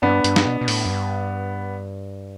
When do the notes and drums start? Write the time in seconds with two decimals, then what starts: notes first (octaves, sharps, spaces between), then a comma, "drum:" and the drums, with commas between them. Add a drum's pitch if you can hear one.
0.02 G2 B3 D4
0.24 G2, drum: hi-hat
0.36 drum: snare
0.46 B2
0.61 B2
0.68 A2, drum: open hi-hat
0.85 F#2
0.91 G2